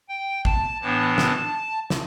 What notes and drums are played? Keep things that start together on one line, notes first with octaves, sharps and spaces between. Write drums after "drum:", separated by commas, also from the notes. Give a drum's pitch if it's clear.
G5
A5, drum: kick
A2 E3 B3 D4 A5
drum: snare
drum: snare